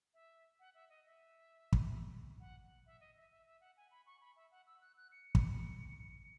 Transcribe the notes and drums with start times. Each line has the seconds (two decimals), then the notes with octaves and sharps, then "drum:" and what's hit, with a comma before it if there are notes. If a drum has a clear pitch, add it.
0.14 E5
0.59 F#5
0.74 E5
0.89 D#5
1.05 E5
1.73 drum: kick
2.40 F#5
2.86 E5
3.00 D#5
3.16 E5
3.31 E5
3.46 E5
3.61 F#5
3.77 G#5
3.91 B5
4.06 C#6
4.21 B5
4.36 E5
4.51 F#5
4.66 E6
4.81 F#6
4.97 F#6
5.12 C#7
5.35 drum: kick